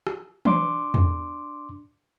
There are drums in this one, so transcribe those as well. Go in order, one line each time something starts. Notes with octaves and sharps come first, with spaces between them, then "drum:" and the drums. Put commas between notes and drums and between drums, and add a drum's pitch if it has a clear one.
drum: rim click
D4 C6 D6, drum: tom E3
drum: tom E2